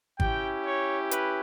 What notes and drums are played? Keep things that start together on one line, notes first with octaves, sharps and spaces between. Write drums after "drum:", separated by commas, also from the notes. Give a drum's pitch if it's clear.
C#4 E4 G4 G5, drum: kick G#1
C#5
B4, drum: hi-hat